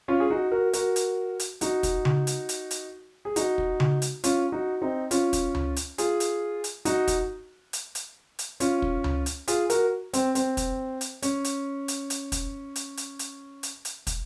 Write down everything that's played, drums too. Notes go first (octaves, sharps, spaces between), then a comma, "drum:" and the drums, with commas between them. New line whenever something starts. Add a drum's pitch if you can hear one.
C#4 F4
G#4
D#4 F#4
F#4 A#4
F#4 A#4, drum: hi-hat
drum: hi-hat
drum: hi-hat
D#4 F#4, drum: hi-hat
drum: kick, hi-hat
drum: tom C#3
drum: hi-hat
drum: hi-hat
drum: hi-hat
G#4
D#4 F#4, drum: hi-hat
drum: kick
drum: tom C#3
drum: hi-hat
C#4 F4, drum: hi-hat
D#4 F#4
C4 D#4
C#4 F4, drum: hi-hat
drum: kick, hi-hat
drum: tom C#2
drum: hi-hat
F4 G#4, drum: hi-hat
drum: hi-hat
drum: hi-hat
D#4 F#4, drum: hi-hat
drum: kick, hi-hat
drum: hi-hat
drum: hi-hat
drum: hi-hat
C#4 F4, drum: hi-hat
drum: kick
drum: tom C#2
drum: hi-hat
F4 G#4, drum: hi-hat
F#4 A#4, drum: hi-hat
C4, drum: hi-hat
C4, drum: hi-hat
drum: kick, hi-hat
drum: hi-hat
C#4, drum: hi-hat
drum: hi-hat
drum: hi-hat
drum: hi-hat
drum: kick, hi-hat
drum: hi-hat
drum: hi-hat
drum: hi-hat
drum: hi-hat
drum: hi-hat
drum: kick, hi-hat